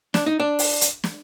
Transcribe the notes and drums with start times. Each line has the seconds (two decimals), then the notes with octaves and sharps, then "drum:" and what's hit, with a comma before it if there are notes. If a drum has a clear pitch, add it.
0.14 D4, drum: snare
0.26 D#4
0.40 D4
0.59 drum: open hi-hat
0.81 drum: hi-hat
1.04 drum: snare